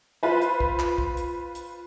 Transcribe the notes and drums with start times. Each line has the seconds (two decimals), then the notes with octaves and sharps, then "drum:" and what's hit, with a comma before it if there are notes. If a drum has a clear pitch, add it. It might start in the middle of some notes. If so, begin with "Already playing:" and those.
0.23 F4 B4 C5
0.42 drum: hi-hat
0.60 drum: kick
0.79 drum: clap
0.98 drum: kick
1.17 drum: hi-hat
1.55 drum: hi-hat